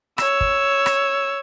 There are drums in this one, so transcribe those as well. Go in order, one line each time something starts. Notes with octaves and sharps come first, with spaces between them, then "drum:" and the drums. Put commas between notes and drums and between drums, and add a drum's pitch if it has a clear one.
C#5 E6, drum: rim click
drum: kick
drum: rim click